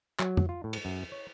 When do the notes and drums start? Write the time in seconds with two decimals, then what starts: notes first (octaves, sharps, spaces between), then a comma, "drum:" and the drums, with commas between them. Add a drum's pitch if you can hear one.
0.19 F#3, drum: clap
0.37 drum: tom F2
0.49 F4
0.64 A2
0.73 drum: cymbal
0.85 F#2
1.12 C#5